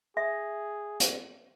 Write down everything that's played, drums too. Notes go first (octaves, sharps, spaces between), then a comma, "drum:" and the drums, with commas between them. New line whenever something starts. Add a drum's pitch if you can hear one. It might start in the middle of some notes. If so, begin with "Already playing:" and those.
G#4 E5
drum: hi-hat